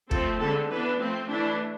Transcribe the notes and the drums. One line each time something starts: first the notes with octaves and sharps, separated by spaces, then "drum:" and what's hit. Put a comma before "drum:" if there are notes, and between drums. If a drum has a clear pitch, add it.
F3 A3 C4 A4, drum: kick
D3 G#3 C4 A4
E3 B3 D4 B4
F3 A3 C4
E3 A3 D4 E4